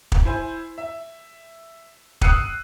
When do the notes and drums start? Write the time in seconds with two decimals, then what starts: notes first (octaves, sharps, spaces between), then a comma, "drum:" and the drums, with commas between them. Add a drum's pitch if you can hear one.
0.12 drum: kick
0.25 E4 C5 G#5
0.78 E5
2.21 D#6 E6 F#6 C7 C#7 D#7, drum: kick